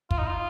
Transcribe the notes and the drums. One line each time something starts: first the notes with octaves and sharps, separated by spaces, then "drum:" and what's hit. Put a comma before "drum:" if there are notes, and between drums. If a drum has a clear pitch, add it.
F4, drum: kick
D#4
F4